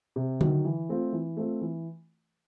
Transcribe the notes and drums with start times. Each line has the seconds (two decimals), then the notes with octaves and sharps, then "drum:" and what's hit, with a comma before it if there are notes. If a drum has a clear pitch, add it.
0.16 C3
0.41 D#3 F#3, drum: tom D3
0.65 E3
0.89 A3 C4 F4
1.13 E3
1.37 A3 C4 F4
1.61 E3